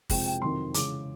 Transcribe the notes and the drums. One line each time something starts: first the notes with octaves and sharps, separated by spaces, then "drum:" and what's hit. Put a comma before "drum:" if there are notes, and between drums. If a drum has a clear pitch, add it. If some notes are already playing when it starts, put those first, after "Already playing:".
F2 C3 F3 G#3 C4 G5, drum: kick, open hi-hat
G5
F2 C3 D#3 F#3 C6
C#3 E3 G#3 D6, drum: hi-hat